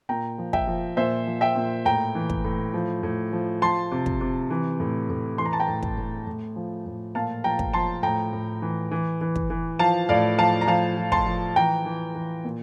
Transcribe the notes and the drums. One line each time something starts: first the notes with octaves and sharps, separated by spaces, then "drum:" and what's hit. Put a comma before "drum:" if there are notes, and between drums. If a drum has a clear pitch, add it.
A#2 G5 A#5
F3
E5 G5, drum: kick
F3
A#2 C5 E5
F3
E5 G5
A#2
A2 G5 A#5
E3
drum: kick
A2
F3
A2
F3
F3 A5 C6
C3
drum: kick
C3
E3
A2
A2
E3 C6
A#5
A5
G5 A#5
A2
drum: kick
A2
A2
F3
A2
A#2 F5 A5
F3 G5 A#5
drum: kick
F3 A5 C6
A2 G5 A#5
A2
E3
E3
E3
drum: kick
E3
F3 F5 A5
A2 D5 F5
F3 F5 A5
A#5
F3 F5 A5
F3
A5 C6, drum: kick
F3
E3 G5 A#5
E3
E3
A#2